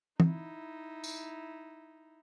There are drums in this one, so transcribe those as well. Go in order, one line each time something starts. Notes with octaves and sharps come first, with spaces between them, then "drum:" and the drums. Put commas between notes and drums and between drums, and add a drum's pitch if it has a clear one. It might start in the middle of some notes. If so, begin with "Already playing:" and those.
D#4 E4, drum: tom E3
drum: tambourine